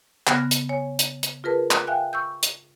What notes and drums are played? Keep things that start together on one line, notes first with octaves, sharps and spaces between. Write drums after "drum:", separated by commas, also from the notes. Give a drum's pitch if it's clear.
C#3 B3 F6 F#6 G#6 A#6, drum: clap
drum: hi-hat
C#5 G#5
drum: hi-hat
drum: hi-hat
F4 G#4 A#4 B4 A5
drum: clap
E5 F5 G5 G#5 F#6
C#6 E6 G6
drum: hi-hat